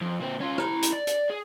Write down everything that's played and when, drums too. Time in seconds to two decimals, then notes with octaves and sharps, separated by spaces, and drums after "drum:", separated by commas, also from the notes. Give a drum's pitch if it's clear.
0.01 F2
0.20 A#2 C4
0.40 C#4 F4
0.58 E4 A#5, drum: rim click
0.83 drum: hi-hat
0.93 D5
1.07 drum: hi-hat
1.30 G#4